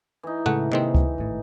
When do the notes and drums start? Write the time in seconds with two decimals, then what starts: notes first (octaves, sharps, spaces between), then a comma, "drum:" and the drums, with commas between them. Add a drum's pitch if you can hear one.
0.23 E3 D#4
0.46 A2 C#3 G#3 A3 F#5
0.72 G#2 C3 D#3 A#3 C4
0.95 drum: kick C#2
1.18 G#1 A2